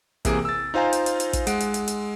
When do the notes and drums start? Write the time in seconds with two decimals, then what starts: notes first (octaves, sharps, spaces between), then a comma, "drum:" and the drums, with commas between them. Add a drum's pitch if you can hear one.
0.25 C3 E3 A#3 G#4 D7, drum: kick, hi-hat
0.45 E6 A6
0.74 D#4 F4 C5 F5 G#5 A#5
0.93 drum: hi-hat
1.06 drum: hi-hat
1.20 drum: hi-hat
1.33 drum: kick, hi-hat
1.47 G#3 F#5 D7, drum: hi-hat
1.60 drum: hi-hat
1.74 drum: hi-hat
1.88 drum: hi-hat